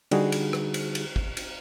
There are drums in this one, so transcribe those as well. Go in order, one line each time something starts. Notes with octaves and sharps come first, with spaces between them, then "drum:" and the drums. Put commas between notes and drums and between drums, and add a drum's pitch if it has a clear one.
D3 G3 D#4 F#4 G#4, drum: cymbal
drum: cymbal
drum: rim click
drum: cymbal
drum: cymbal
drum: kick
drum: cymbal